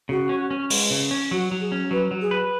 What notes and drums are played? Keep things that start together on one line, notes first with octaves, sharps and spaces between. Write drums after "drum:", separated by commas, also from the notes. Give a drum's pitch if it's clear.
C#3 F#4
C#4
C#4
G#3, drum: open hi-hat
C#3
C#4
F#3 F#4
F#3
G#4
C#4
F#3 B4
F#3
G#4
B4